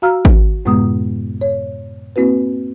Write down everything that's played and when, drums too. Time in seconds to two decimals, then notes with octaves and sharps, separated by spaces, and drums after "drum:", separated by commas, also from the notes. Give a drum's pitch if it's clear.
0.02 F#4 F5 A#5 E6 F6
0.25 drum: kick G#1
0.65 F#2 A2 C3 G#3 B3 D#6
1.41 C#5
2.16 A#3 C4 E4 F#4 B4